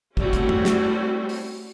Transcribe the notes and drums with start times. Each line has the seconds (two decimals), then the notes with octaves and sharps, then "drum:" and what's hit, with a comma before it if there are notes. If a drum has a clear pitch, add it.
0.17 G3 A3 C4 C#4 E4 F#4, drum: kick
0.33 drum: kick, hi-hat
0.49 drum: tom F#2
0.65 drum: snare
1.29 drum: open hi-hat